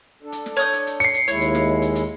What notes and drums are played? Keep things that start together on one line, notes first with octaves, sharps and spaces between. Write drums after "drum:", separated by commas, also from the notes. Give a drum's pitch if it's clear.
D4 A4
drum: hi-hat
drum: snare
C#5 D#6 G6, drum: hi-hat
drum: hi-hat
drum: hi-hat
C7 C#7, drum: hi-hat
drum: hi-hat
D#2 G#3 E4 C#5, drum: hi-hat
drum: hi-hat
drum: snare
drum: hi-hat
drum: hi-hat